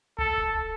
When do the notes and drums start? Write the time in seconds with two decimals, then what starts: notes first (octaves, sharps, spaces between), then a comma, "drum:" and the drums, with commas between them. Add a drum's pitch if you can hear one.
0.18 A4, drum: tom C2
0.38 drum: kick D1